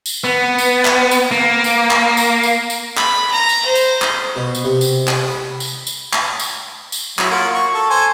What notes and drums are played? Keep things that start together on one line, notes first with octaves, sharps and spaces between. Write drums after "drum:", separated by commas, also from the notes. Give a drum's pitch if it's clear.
drum: tambourine
B3
drum: tambourine
drum: clap
drum: tambourine
A#3
drum: tambourine
drum: clap
drum: tambourine
drum: tambourine
drum: tambourine
B5, drum: clap
A#5
drum: tambourine
C5
drum: tambourine
drum: clap
B2
drum: tambourine
C3
drum: tambourine
drum: clap
B5
drum: tambourine
drum: tambourine
drum: clap
drum: tambourine
drum: tambourine
F#3 E4, drum: clap
A#3 F4 F#4
C#6
A4
A4 C5 G#5